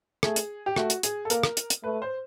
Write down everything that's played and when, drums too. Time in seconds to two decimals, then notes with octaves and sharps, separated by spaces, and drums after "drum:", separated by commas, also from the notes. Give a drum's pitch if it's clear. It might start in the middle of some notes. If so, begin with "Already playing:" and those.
0.23 A3 G#4, drum: rim click
0.36 drum: hi-hat
0.66 G4
0.76 A3 F#4, drum: rim click
0.90 drum: hi-hat
1.03 G#4, drum: hi-hat
1.25 A4
1.30 A#3 A#4, drum: hi-hat
1.44 drum: rim click
1.57 drum: hi-hat
1.70 drum: hi-hat
1.84 A3 B4
2.02 C5